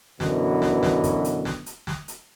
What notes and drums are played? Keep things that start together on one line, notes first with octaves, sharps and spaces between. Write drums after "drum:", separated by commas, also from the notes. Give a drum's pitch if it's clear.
F#2 B2 D3 E3, drum: snare
drum: snare
drum: snare
drum: kick, hi-hat
drum: hi-hat
drum: snare
drum: hi-hat
drum: snare
drum: hi-hat